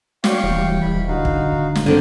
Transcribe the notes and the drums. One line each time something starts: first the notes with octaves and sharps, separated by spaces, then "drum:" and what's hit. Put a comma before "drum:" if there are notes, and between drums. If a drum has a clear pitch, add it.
F#4 C#5 D5 F5 G5 C#6, drum: snare
D#1 E3 G3
D#1 B5
D3 D#4 F#4 F5
drum: kick
drum: snare
D3 D#3 C4